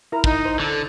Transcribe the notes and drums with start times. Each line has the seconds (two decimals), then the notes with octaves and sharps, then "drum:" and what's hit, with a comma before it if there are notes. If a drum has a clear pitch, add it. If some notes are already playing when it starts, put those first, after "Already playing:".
0.12 E4 A#4 A#5
0.24 D#4, drum: kick
0.45 C5
0.60 D3 A4